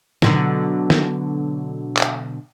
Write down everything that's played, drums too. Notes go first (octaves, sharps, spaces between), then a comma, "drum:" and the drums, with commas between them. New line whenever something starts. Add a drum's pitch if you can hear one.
B2 D3 F#3, drum: snare
drum: snare
drum: clap